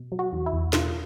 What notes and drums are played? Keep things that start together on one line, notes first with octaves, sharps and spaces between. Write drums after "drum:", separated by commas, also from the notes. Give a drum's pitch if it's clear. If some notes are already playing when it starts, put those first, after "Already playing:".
Already playing: B2
F#3
F#4
E2
E4
E2
B2 F4, drum: snare